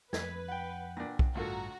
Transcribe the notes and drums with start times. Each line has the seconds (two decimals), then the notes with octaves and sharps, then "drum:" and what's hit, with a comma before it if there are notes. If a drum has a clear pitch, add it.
0.13 F2 B4 G#6 B6 D#7, drum: snare
0.48 F#5 G5
0.97 A#2 D4 A#6
1.19 drum: kick B1
1.35 A1 D2 G2 F4 F#4 A4 A#5